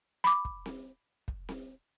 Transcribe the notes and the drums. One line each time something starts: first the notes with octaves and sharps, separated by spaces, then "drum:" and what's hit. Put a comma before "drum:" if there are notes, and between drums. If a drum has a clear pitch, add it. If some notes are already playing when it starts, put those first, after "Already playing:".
B5 D6
drum: kick
drum: snare C4
drum: kick
drum: snare C4